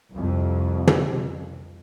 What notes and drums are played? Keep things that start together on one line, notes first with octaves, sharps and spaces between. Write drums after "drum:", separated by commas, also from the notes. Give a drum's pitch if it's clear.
C2 F2
drum: tom